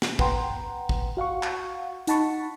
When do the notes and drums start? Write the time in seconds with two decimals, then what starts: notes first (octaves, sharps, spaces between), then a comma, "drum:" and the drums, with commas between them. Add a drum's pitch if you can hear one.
0.02 drum: snare
0.19 B4 F#5 G5 A#5 C6, drum: kick
0.89 drum: kick
1.17 F#4 F5 F#5 C#6
1.43 drum: clap
2.07 D#4 F#5 A5 B5 C#6, drum: hi-hat